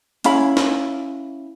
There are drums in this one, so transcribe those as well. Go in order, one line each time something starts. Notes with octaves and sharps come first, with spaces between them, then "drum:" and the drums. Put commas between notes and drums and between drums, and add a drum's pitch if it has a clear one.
C#4 E4 F5 B5, drum: hi-hat
drum: snare